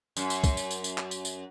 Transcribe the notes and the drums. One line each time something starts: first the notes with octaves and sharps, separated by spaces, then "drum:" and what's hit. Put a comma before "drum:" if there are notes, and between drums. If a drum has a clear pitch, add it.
F#2, drum: tambourine
drum: tambourine
drum: kick, tambourine
drum: tambourine
drum: tambourine
drum: tambourine
drum: clap
drum: tambourine
drum: tambourine